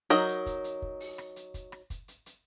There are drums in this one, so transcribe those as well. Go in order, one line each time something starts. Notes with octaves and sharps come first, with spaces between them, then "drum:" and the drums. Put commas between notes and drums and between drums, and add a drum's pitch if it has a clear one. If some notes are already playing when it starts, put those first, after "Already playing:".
F#3 D#4 A#4, drum: hi-hat
drum: hi-hat
drum: kick, hi-hat
drum: hi-hat
drum: kick
drum: open hi-hat
drum: rim click
drum: hi-hat
drum: kick, hi-hat
drum: rim click
drum: kick, hi-hat
drum: hi-hat
drum: hi-hat